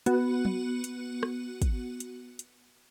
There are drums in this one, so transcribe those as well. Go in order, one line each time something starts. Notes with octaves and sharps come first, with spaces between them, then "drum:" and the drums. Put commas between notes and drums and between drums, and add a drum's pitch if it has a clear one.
B3 F#4, drum: hi-hat
drum: tom
drum: hi-hat
drum: rim click
drum: kick, hi-hat
drum: hi-hat
drum: hi-hat